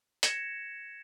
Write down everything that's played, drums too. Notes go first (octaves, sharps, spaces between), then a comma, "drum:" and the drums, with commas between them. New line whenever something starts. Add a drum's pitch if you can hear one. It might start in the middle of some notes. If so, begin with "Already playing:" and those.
G#6 A#6 C#7 E7, drum: hi-hat